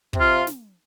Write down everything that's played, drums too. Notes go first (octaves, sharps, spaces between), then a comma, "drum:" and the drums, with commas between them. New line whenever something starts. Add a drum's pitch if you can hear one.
C3, drum: kick
F4
drum: snare